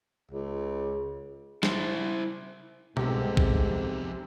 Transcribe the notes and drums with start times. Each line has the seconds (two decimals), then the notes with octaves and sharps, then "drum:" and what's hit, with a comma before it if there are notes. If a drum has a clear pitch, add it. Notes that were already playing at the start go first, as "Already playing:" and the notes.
0.31 C#2
1.63 E4 C5, drum: snare
2.97 C2 F2 G#2 C3 B3 G4 A4, drum: tom B2
3.37 drum: kick A#1